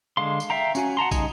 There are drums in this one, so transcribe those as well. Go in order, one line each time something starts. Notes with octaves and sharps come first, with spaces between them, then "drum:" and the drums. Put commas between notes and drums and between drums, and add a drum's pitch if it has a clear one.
D3 G#3 F5 C6
drum: tambourine
E5 F5 G5 A#5
C#4 F#4 G#5, drum: tambourine
F#5 A5 A#5 C6
C#3 G3 D#4 D#5 G#5, drum: kick, tambourine